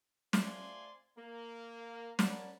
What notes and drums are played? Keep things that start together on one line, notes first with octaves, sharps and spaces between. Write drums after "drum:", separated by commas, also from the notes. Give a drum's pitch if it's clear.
A3 C4 F4 D5 G#5 C6, drum: snare
A#3
A#4 C#5 D5 F#5 A5 B5, drum: snare